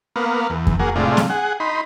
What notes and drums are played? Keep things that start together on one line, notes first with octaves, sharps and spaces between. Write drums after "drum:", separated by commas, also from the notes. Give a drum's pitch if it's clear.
A#3 B3 F5
E2
drum: kick F2
A#3 F#4 G#4
A2 C3 G#3 D4 F4
drum: snare C4
G#4 F#5
D#4 B5 C6